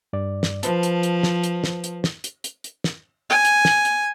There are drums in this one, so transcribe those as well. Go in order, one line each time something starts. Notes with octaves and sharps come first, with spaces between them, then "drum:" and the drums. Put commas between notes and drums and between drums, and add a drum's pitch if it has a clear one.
G2 D5
drum: snare
F3 B4 C5 A5, drum: hi-hat
drum: hi-hat
drum: hi-hat
drum: snare
drum: hi-hat
drum: snare
drum: hi-hat
drum: snare
drum: hi-hat
drum: hi-hat
drum: hi-hat
drum: snare
G#5
drum: hi-hat
drum: snare
drum: hi-hat